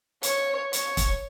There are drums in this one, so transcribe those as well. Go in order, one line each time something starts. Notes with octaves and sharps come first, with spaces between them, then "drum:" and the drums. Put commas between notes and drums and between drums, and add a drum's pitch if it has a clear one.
C#5, drum: hi-hat
C#5, drum: hi-hat
drum: kick E1, hi-hat